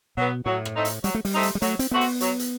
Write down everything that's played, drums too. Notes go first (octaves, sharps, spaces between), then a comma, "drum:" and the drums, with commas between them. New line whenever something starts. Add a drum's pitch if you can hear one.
B2 F#3 B3
A2 F#3
drum: rim click
A3 C4 D#4
drum: hi-hat
F#3 G3, drum: hi-hat
A3
G3, drum: open hi-hat
A3 C4 D#4
drum: hi-hat
G3
F#3 A3, drum: hi-hat
C4, drum: hi-hat
A3 B3 C4 F#4
drum: open hi-hat
F#3, drum: hi-hat
drum: hi-hat